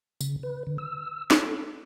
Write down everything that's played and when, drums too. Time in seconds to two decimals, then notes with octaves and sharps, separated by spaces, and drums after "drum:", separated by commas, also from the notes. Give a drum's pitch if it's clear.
0.21 C#3, drum: tambourine
0.43 B4
0.67 D3
0.78 E6
1.31 A4, drum: snare